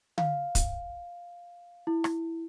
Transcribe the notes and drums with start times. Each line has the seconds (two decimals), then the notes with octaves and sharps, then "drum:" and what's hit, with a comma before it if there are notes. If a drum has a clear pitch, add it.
0.18 F5, drum: tom D3
0.55 drum: kick, hi-hat
1.87 E4
2.04 drum: rim click